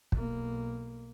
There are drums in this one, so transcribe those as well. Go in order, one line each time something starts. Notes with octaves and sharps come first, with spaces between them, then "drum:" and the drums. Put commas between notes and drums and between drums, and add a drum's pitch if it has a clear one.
B1 A#3, drum: kick